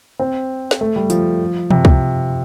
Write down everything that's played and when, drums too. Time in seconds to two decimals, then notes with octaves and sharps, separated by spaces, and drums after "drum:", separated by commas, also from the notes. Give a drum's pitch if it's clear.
0.19 C4
0.71 drum: snare
0.81 A3
0.96 G3
1.10 F3, drum: hi-hat
1.70 C3, drum: tom E3
1.85 drum: kick C2